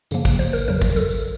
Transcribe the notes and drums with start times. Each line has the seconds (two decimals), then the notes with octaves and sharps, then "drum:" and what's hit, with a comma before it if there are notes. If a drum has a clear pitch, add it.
0.11 F#2 C#3 F3 A#3, drum: tambourine
0.25 drum: kick, tambourine
0.39 C5, drum: tambourine
0.53 A#4, drum: tambourine
0.68 F2 C#3 F#3 A#4
0.82 drum: kick, tambourine
0.96 A4, drum: tambourine
1.10 drum: tambourine